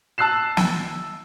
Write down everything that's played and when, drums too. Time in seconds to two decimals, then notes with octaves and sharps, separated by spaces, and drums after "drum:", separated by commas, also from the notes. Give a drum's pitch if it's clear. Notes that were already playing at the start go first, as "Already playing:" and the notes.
0.18 A5 E6 F#6 C7 E7
0.57 drum: snare